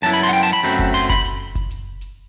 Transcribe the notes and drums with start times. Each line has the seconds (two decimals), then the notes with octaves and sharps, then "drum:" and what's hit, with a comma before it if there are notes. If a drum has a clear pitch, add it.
0.02 F#2 F#3 B3 E4 A5, drum: hi-hat
0.13 B5
0.23 C6
0.29 F#5
0.33 G5, drum: hi-hat
0.43 A5
0.53 B5
0.63 F#2 F#3 A3 C4, drum: hi-hat
0.79 drum: kick F#1, open hi-hat
0.94 C6, drum: hi-hat
1.10 B5, drum: kick F#1, hi-hat
1.25 drum: hi-hat
1.55 drum: kick F#1, hi-hat
1.71 drum: hi-hat
2.01 drum: hi-hat